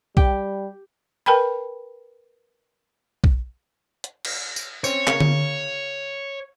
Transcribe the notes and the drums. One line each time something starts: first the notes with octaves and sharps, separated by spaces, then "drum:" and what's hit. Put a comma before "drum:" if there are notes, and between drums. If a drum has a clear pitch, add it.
G3 G4 G5, drum: kick
A#4 B4 G5 A5 B5
drum: kick
drum: hi-hat
drum: cymbal
drum: tambourine
C4 C#4 C#5, drum: tambourine
C#3 A#3, drum: clap
drum: tom D3